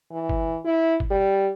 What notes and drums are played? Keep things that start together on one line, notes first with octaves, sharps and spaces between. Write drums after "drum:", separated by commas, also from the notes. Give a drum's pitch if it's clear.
E3
drum: kick G1
E4
drum: kick G1
G3